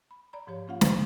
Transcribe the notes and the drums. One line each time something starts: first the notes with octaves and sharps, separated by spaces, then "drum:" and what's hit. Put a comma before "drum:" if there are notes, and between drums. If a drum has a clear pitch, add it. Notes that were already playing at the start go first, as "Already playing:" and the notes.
B5
D5 A#5 B5
G#2 F3 G4 C#5
A#3 C#4 F4 F5 F#5
F3 D4 D#4 C5 D5, drum: snare